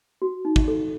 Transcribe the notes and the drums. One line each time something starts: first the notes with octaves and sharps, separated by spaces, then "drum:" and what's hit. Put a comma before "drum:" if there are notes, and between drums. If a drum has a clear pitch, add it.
F#4
D#4
drum: kick
A4